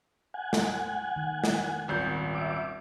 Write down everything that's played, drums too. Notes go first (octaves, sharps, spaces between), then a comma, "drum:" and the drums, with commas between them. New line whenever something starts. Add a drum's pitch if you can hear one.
F#5 G#5
drum: snare
D#3
drum: snare
D#1 G#1 G6
E5 D6